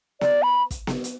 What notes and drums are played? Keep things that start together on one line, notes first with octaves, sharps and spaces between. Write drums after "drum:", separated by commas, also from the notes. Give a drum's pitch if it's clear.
D5, drum: snare B3
B5
drum: kick, hi-hat
drum: snare B3
drum: hi-hat